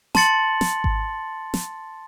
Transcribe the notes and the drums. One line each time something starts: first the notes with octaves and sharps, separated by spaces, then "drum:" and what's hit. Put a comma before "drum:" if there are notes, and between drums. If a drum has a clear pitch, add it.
A5 C6 A6 C#7 F#7, drum: snare
drum: snare
drum: kick G#1
drum: snare